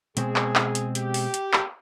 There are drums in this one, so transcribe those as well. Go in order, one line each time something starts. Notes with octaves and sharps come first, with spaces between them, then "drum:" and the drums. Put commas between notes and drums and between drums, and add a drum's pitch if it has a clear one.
B2 G#3 C4 G#4, drum: hi-hat
drum: clap
drum: clap
drum: hi-hat
G4, drum: hi-hat
drum: open hi-hat
drum: hi-hat
drum: clap